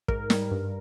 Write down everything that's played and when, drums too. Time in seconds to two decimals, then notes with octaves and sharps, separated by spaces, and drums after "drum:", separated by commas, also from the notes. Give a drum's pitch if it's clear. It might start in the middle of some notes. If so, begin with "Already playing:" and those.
0.08 G#2 A#4, drum: kick
0.30 G3, drum: snare
0.51 G2